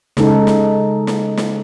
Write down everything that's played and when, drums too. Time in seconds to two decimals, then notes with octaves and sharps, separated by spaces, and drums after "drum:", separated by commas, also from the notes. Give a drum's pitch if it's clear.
0.17 C#3 G#3 D#4 A4, drum: snare
0.47 drum: snare
1.07 drum: snare
1.37 drum: snare